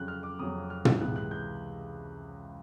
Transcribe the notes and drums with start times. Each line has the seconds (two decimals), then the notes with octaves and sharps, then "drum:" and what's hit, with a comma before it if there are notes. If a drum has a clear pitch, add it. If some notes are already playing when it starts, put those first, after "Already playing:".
Already playing: F2 C#3 F#3 F#6
0.08 F6
0.23 D6
0.39 F2 C#3 F#3 D#6
0.70 F6
0.85 E6, drum: tom
1.00 C#2 C3 E3 G#3 B3 F#6
1.16 F#6
1.31 G6